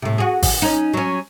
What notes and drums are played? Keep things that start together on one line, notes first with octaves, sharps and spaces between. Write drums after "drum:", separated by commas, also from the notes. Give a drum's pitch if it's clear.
A2 C3
F#4 G#4
drum: kick G#1, open hi-hat
C#4 D#4
F#3 C#4